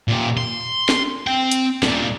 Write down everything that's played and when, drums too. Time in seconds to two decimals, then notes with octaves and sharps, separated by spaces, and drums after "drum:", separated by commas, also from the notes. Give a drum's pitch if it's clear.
0.08 A#2 G4
0.37 C6
0.89 drum: snare
1.27 C4 G5
1.51 drum: hi-hat
1.83 A#2 G3, drum: snare